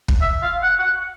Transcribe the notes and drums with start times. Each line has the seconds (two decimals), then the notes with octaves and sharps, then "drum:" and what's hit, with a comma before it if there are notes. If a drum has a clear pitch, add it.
0.08 drum: kick
0.21 E5
0.42 F5
0.63 F#5
0.79 F#5